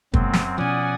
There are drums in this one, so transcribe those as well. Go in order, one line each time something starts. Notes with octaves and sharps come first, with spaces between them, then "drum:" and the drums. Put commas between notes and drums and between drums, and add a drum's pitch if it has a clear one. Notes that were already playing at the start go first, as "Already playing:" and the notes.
F#2 B2 F#3 G#3 A#3 C4, drum: kick
drum: snare
B2 F3 C#4 D5 F#5 G#5 D#6